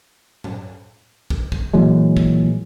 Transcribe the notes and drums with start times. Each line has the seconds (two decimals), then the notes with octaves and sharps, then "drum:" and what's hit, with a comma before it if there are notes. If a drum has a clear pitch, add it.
0.44 drum: tom A2
1.30 drum: kick
1.52 drum: kick
1.74 A#2 E3 F#3 G#3
2.17 drum: kick